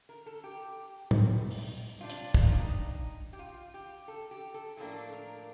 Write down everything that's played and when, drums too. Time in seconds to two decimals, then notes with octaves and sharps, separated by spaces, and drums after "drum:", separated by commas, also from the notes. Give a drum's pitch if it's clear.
0.09 A#4
0.26 A4
0.44 G4
1.11 drum: tom
1.51 drum: open hi-hat
2.00 C3 G3 D4 F4
2.10 drum: hi-hat
2.34 F4, drum: kick
2.43 D#4
2.51 D4
2.59 D#4
3.33 G4
3.39 F4
3.74 G4
4.08 A4
4.31 G4
4.54 A4
4.77 A2 F3 A#3 D4 A4
5.12 A#4